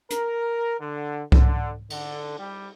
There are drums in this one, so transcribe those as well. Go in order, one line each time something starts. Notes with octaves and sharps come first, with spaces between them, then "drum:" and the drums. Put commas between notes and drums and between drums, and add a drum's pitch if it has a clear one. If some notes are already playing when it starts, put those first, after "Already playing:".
A#4, drum: hi-hat
D3
D3, drum: kick C2
D3, drum: cymbal
G3